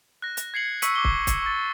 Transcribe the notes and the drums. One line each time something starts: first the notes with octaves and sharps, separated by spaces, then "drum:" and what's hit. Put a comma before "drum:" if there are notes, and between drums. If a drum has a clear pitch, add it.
F#6 A#6
drum: hi-hat
G#6 C7 C#7 F#7
C#6 E6 B6 C#7 D#7 F#7, drum: hi-hat
D6 G7
drum: kick
drum: kick, hi-hat
C#6 A6